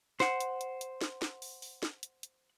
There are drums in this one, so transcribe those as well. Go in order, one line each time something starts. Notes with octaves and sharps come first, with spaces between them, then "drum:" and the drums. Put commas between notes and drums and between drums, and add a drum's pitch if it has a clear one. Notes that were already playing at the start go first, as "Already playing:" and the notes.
C5 F#5, drum: snare
drum: hi-hat
drum: hi-hat
drum: hi-hat
drum: snare
drum: snare
drum: open hi-hat
drum: open hi-hat
drum: snare
drum: hi-hat
drum: hi-hat